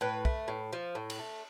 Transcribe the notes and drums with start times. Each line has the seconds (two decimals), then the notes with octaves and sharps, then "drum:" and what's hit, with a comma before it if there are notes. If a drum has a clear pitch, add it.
0.01 A2 B4
0.25 A3, drum: kick
0.48 A2
0.73 F3
0.95 A2
1.10 drum: cymbal
1.19 A3